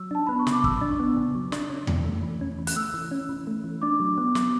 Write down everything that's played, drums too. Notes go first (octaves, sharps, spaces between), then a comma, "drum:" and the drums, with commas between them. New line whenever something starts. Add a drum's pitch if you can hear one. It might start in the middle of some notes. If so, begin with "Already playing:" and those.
Already playing: F#3 E6
D4 A5
B3 B5
C#6
C#3, drum: snare
D6
F#3 E6, drum: kick
D4
B3
C#3
F#3
D4, drum: snare
C#4
E3, drum: tom E2
A3
E3
C#4
E3
F#6, drum: hi-hat
A3 E6
E3
C#4
E3
A3
E3
D4 D6
F#3
B3
F#3, drum: snare